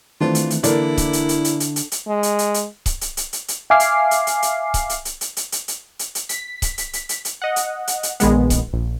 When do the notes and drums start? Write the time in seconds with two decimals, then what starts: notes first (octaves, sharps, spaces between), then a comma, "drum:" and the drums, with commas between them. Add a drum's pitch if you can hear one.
0.21 D#3 E3 A3 C4 D4 F4
0.35 drum: hi-hat
0.50 drum: hi-hat
0.64 D3 E3 A#3 E4 A#4 D5, drum: hi-hat
0.97 drum: kick C#1, hi-hat
1.13 drum: hi-hat
1.29 drum: hi-hat
1.45 drum: hi-hat
1.60 drum: hi-hat
1.76 drum: hi-hat
1.92 drum: hi-hat
2.07 G#3
2.23 drum: hi-hat
2.39 drum: hi-hat
2.54 drum: hi-hat
2.86 drum: kick C#1, hi-hat
3.01 drum: hi-hat
3.17 drum: hi-hat
3.33 drum: hi-hat
3.48 drum: hi-hat
3.70 E5 F5 G#5 D6 F6 C7
3.80 drum: hi-hat
4.11 drum: hi-hat
4.27 drum: hi-hat
4.42 drum: hi-hat
4.74 drum: kick C#1, hi-hat
4.90 drum: hi-hat
5.05 drum: hi-hat
5.21 drum: hi-hat
5.37 drum: hi-hat
5.52 drum: hi-hat
5.68 drum: hi-hat
5.99 drum: hi-hat
6.15 drum: hi-hat
6.29 B6, drum: hi-hat
6.62 drum: kick C#1, hi-hat
6.78 drum: hi-hat
6.93 drum: hi-hat
7.09 drum: hi-hat
7.25 drum: hi-hat
7.42 D#5 F#5
7.56 drum: hi-hat
7.87 drum: hi-hat
8.03 drum: hi-hat
8.20 A#1 D#3 G#3 B3, drum: hi-hat
8.50 drum: kick C#1, hi-hat
8.73 A#1